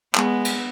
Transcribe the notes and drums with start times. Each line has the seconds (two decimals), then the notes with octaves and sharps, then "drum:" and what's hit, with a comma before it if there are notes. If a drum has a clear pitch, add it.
0.15 G#3 B3, drum: clap
0.45 drum: cymbal